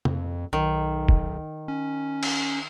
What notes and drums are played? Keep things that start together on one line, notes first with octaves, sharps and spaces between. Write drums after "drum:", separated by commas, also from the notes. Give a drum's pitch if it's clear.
F2, drum: tom
B1 D#3
drum: kick
C#4
drum: cymbal